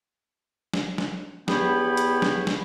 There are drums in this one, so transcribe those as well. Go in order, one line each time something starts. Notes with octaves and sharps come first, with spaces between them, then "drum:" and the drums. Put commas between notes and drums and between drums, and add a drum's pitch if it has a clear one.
drum: snare
drum: snare
E2 B3 G4 C#5 G5 B5, drum: snare
drum: hi-hat
drum: snare
drum: snare